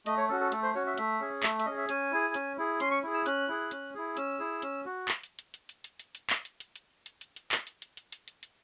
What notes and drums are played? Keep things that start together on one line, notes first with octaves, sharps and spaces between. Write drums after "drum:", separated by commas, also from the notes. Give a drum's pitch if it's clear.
A3 D#5, drum: hi-hat
C#5
C#4 F#4 A4
A4
A3 A4, drum: hi-hat
C5
C#4 F#4 C#5
E5
A3 E5, drum: hi-hat
C#4 G#4
A3 E5, drum: clap
E5, drum: hi-hat
C#4 G#4 D#5
E5
C#4 G#5, drum: hi-hat
E4 G#4
C#4, drum: hi-hat
E4 G#4
C#4 C6, drum: hi-hat
C#6
E4 G#4
E6
C#4 F#6, drum: hi-hat
E4 G#4
C#4, drum: hi-hat
E4 G#4
C#4 E6, drum: hi-hat
E4 G#4
C#4, drum: hi-hat
F#4
drum: clap
drum: hi-hat
drum: hi-hat
drum: hi-hat
drum: hi-hat
drum: hi-hat
drum: hi-hat
drum: hi-hat
drum: clap
drum: hi-hat
drum: hi-hat
drum: hi-hat
drum: hi-hat
drum: hi-hat
drum: hi-hat
drum: clap
drum: hi-hat
drum: hi-hat
drum: hi-hat
drum: hi-hat
drum: hi-hat
drum: hi-hat